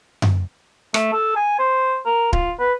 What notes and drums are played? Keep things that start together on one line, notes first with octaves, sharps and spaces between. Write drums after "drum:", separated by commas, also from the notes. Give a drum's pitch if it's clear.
drum: tom F#2
A3, drum: rim click
A4
G#5
C5
A#4
F4, drum: kick D1
B4